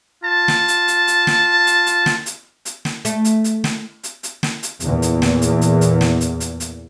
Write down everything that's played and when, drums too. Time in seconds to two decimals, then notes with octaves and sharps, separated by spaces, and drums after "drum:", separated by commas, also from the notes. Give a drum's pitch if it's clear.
0.24 F4 A5
0.48 drum: snare
0.68 drum: hi-hat
0.88 drum: hi-hat
1.07 drum: hi-hat
1.27 drum: snare
1.67 drum: hi-hat
1.86 drum: hi-hat
2.06 drum: snare
2.26 drum: hi-hat
2.65 drum: hi-hat
2.85 drum: snare
3.05 A3, drum: hi-hat
3.25 drum: hi-hat
3.44 drum: hi-hat
3.64 drum: snare
4.04 drum: hi-hat
4.23 drum: hi-hat
4.43 drum: snare
4.63 drum: hi-hat
4.80 E2 A#2, drum: hi-hat
5.02 drum: hi-hat
5.22 drum: snare
5.42 drum: hi-hat
5.61 drum: hi-hat
5.81 drum: hi-hat
6.01 drum: snare
6.21 drum: hi-hat
6.40 drum: hi-hat
6.60 drum: hi-hat